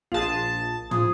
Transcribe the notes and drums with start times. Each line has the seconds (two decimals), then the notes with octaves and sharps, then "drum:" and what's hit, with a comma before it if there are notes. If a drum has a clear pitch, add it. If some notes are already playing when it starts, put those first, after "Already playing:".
0.12 A#1 F4 G#4 A5
0.91 F3 G#4, drum: tom